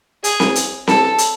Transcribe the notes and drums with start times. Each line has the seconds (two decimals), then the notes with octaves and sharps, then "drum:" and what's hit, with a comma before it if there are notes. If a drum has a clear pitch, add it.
0.24 G#4, drum: hi-hat
0.40 drum: snare C4
0.55 drum: hi-hat
0.87 A4, drum: snare C4
1.18 drum: hi-hat